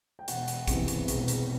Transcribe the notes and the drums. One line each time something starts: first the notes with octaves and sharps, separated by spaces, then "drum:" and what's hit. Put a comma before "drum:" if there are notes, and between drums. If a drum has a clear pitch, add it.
G5
E1 F#5, drum: hi-hat
drum: hi-hat
E2 C3 E3, drum: kick A#1, hi-hat
drum: hi-hat
E1, drum: hi-hat
drum: hi-hat